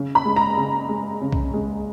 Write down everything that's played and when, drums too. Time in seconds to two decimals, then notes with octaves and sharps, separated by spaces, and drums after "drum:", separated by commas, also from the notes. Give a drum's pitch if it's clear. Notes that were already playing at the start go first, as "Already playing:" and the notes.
Already playing: C#3
0.15 B5
0.25 G#3
0.36 A#5
0.57 C#3
0.89 G#3
1.22 C#3
1.32 drum: kick
1.54 G#3